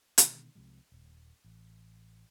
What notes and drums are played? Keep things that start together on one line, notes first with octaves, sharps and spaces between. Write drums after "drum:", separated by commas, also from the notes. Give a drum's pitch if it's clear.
B2 D3 D#3 G#3, drum: hi-hat
C2 C3 F3 G#3
D#1
A1